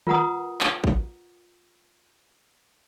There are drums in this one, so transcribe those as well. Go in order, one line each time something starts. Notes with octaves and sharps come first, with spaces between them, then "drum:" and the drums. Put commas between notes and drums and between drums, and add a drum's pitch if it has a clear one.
F4 A#4 B4 F#5 A#5 D#6, drum: tom D#3
drum: clap
drum: kick